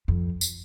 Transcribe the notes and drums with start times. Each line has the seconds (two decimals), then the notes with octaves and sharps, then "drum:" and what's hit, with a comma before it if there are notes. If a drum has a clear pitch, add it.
0.08 F2
0.41 drum: tambourine